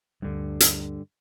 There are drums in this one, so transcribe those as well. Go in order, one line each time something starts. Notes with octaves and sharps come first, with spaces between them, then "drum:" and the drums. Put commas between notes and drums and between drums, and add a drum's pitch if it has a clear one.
D2 G2 D3 G3
drum: hi-hat